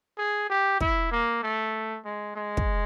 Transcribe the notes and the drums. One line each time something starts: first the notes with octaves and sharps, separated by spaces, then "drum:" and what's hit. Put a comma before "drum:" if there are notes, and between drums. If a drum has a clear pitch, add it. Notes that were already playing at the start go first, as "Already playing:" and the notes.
G#4
G4
E4, drum: kick
A#3
A3
G#3
G#3
drum: kick